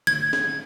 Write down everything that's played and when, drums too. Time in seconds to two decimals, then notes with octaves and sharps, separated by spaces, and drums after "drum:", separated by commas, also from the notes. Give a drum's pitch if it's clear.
0.07 G#6, drum: tom D3
0.33 drum: snare